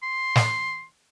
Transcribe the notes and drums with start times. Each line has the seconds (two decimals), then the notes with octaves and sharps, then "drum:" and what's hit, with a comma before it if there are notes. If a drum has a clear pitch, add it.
0.03 C6
0.36 drum: snare